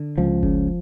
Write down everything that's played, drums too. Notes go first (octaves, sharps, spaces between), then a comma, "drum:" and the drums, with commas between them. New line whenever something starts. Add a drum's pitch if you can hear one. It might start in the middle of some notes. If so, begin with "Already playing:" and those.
Already playing: D3
C#2 F3
C#3, drum: kick F#1